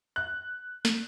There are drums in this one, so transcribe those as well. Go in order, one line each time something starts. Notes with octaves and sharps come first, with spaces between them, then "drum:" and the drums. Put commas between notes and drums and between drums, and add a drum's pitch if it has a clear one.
F#6
drum: snare